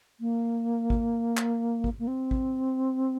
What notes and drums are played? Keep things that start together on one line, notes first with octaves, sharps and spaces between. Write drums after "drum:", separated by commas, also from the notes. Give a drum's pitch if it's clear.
A#3
drum: kick G#1
drum: clap
drum: kick G#1
A#3
C4
drum: kick G#1